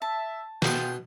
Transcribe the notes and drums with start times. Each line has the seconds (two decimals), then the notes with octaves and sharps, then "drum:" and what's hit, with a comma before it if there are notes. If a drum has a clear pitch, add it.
0.02 E5 A5
0.62 B2 F4 G#4 G5 C6, drum: snare